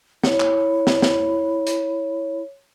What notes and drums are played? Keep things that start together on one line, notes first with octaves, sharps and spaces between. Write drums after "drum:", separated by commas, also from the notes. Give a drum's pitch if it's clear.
E4 C#5, drum: snare
drum: clap
drum: snare
drum: snare
drum: hi-hat